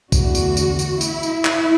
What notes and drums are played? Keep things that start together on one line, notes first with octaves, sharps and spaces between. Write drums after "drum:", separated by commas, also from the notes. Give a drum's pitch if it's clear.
E2 D3 A3 F#4, drum: kick, tambourine
drum: tambourine
drum: tambourine
drum: tambourine
E4, drum: tambourine
drum: tambourine
drum: clap